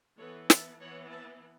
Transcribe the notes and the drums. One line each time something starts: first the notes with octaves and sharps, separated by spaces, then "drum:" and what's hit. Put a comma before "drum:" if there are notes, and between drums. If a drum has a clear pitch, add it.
E3 B3 A4 C#5
E5 A5, drum: snare
E3 B3 C#5 F#5
E5 A5